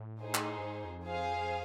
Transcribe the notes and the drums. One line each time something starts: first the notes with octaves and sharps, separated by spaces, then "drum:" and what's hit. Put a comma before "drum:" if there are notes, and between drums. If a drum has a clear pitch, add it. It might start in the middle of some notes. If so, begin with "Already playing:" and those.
Already playing: A2
D#4 G#4 C5
drum: clap
G2
G#2
F2
G#4 C5 F5 G#5